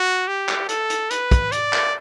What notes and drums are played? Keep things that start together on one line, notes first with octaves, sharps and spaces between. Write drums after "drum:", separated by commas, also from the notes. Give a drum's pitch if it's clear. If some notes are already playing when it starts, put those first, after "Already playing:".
Already playing: F#4
G4
drum: clap
A4, drum: hi-hat
drum: hi-hat
B4, drum: hi-hat
drum: kick, hi-hat
D5, drum: hi-hat
drum: clap